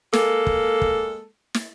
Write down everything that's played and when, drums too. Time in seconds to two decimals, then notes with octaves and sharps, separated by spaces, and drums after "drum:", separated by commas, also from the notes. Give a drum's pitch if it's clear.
0.13 G#3 A#3 A4, drum: snare
0.47 drum: kick
0.82 drum: kick
1.54 drum: snare